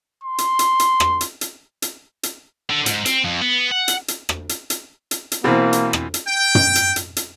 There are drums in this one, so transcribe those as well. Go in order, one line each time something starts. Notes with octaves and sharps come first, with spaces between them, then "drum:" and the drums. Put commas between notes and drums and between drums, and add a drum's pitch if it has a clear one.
C6
drum: hi-hat
drum: hi-hat
drum: hi-hat
drum: rim click
drum: hi-hat
drum: hi-hat
drum: hi-hat
drum: hi-hat
D3
G#2, drum: hi-hat
C4, drum: hi-hat
F2
B3
F#5
drum: hi-hat
drum: hi-hat
drum: rim click
drum: hi-hat
drum: hi-hat
drum: hi-hat
drum: hi-hat
B2 E3 A#3 C4
drum: hi-hat
drum: rim click
drum: hi-hat
G5
drum: tom
drum: hi-hat
drum: hi-hat
drum: hi-hat